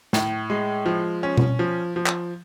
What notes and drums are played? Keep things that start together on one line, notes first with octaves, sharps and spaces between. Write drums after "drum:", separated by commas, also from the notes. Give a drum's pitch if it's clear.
A2, drum: snare
G#3
F3
C#4
drum: tom B2
F3
F3
drum: clap